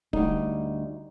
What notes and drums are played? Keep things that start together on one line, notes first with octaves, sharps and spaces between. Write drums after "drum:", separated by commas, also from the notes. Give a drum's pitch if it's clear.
D2 G3 D#4, drum: kick